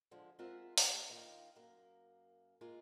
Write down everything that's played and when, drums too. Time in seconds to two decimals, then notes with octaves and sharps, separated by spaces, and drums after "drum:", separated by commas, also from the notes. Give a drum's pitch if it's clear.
0.11 D3 F3 G#3
0.39 G#3 C4 F4 A#4 E5 F#5
0.78 A3 D4 G4 C5 D5, drum: open hi-hat
1.09 D#3 A#3 F4
1.56 F#2 A#3
2.61 G#3 A#3 F4